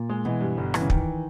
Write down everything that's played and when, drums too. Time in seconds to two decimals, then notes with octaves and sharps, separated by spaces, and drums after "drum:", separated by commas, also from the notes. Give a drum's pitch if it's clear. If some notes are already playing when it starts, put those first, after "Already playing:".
Already playing: A#2
0.10 G#3
0.25 B2 E3
0.41 G2
0.57 G1
0.74 E3, drum: rim click
0.81 C#3
0.90 D#3 E3, drum: kick